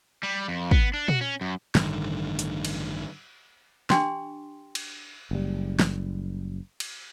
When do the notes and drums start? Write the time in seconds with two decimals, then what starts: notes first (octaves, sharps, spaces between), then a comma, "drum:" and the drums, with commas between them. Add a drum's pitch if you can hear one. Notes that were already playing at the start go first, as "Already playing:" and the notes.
0.23 G3
0.48 F2
0.71 B3, drum: kick
0.94 D4
1.08 F#4, drum: tom
1.21 C#4
1.41 F#2
1.75 A1 G2 D3 D#3, drum: snare
2.39 drum: hi-hat
2.65 drum: cymbal
3.90 D4 G4 G5 C6, drum: snare
4.75 drum: cymbal
5.31 F#1 G3
5.80 drum: snare
6.80 drum: cymbal